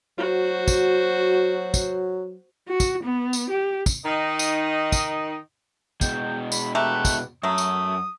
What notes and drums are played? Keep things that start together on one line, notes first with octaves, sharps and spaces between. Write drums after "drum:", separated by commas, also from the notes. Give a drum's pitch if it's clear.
F#3 F#4 C5
drum: kick, tambourine
drum: kick, tambourine
F#4
drum: kick, tambourine
B3
drum: tambourine
G4
drum: kick, tambourine
D#3 D#4 D#5
drum: tambourine
drum: kick, tambourine
B2 G#3 G5, drum: kick, tambourine
B5, drum: tambourine
A3 G4 B4 A#5
drum: kick, tambourine
F#2 F#3 A3 D#6
drum: tambourine